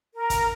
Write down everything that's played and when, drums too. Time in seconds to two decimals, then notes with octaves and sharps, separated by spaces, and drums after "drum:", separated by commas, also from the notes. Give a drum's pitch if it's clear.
0.15 A#4
0.30 drum: kick, hi-hat